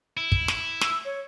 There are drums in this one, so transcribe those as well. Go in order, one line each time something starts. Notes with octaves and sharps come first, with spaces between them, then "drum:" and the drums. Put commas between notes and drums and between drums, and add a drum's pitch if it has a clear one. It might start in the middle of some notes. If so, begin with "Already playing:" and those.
E4
drum: kick
drum: snare
E6, drum: snare
C#5